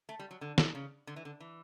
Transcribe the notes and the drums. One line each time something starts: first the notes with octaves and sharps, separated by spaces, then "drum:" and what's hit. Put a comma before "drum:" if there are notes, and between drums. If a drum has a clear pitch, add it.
A3
G3
F#3
D3
drum: snare
C#3
D3
E3
D3
E3